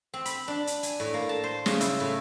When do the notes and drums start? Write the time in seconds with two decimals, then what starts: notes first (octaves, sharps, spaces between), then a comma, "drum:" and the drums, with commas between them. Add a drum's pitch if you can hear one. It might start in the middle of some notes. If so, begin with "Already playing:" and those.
0.14 C4
0.25 B5, drum: hi-hat
0.48 D4
0.67 drum: hi-hat
0.83 G#5, drum: hi-hat
1.00 A2
1.14 A#3
1.29 A5
1.44 C5
1.66 C#3, drum: snare
1.81 E4, drum: hi-hat
2.00 A2